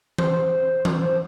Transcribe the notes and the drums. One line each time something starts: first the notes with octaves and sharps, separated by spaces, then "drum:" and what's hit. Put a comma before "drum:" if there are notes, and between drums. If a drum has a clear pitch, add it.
C5, drum: tom E3
drum: tom E3